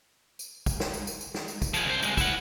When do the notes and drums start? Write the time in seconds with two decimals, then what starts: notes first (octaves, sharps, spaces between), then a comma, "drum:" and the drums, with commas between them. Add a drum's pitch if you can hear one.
0.39 drum: tambourine
0.66 drum: kick, tambourine
0.80 drum: snare
0.94 drum: tambourine
1.07 drum: tambourine
1.21 drum: tambourine
1.34 drum: snare
1.48 drum: tambourine
1.62 drum: kick, tambourine
1.74 F3 G#4, drum: tambourine
1.86 C2 C5
2.03 C2 G#3, drum: tambourine
2.17 E4 F#5, drum: kick, tambourine